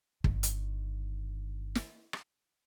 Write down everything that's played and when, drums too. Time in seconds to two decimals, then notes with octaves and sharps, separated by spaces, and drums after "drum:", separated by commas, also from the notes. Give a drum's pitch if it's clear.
0.24 G1 D#3, drum: kick
0.43 drum: hi-hat
1.75 drum: snare
2.13 drum: rim click